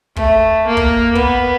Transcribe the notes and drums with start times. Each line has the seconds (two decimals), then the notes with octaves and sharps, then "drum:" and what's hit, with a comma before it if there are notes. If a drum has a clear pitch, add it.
0.16 A3, drum: kick
0.67 A#3
0.77 drum: kick
1.15 B3, drum: kick